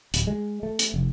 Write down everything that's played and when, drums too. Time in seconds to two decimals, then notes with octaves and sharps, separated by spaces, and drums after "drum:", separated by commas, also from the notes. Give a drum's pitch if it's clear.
0.14 D1, drum: hi-hat
0.27 G#3
0.63 A3
0.79 drum: hi-hat
0.94 F1